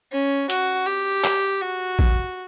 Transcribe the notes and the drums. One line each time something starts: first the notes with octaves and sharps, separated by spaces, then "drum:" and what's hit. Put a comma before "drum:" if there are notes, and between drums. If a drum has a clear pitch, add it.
C#4
F#4, drum: hi-hat
G4
drum: clap
F#4
drum: kick A#1